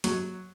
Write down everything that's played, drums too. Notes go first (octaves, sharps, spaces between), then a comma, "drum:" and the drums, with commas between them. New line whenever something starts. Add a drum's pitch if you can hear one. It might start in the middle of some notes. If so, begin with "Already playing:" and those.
F#3, drum: hi-hat